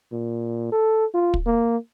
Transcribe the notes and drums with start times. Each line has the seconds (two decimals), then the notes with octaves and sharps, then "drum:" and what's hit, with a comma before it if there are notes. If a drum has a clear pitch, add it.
0.12 A#2
0.72 A4
1.14 F4
1.34 drum: kick
1.46 A#3